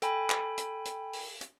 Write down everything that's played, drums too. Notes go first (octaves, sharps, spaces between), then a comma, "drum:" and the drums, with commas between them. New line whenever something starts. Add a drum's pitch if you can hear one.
A4 G5 G#5 B5, drum: hi-hat
drum: clap
drum: hi-hat
drum: hi-hat
drum: open hi-hat
drum: hi-hat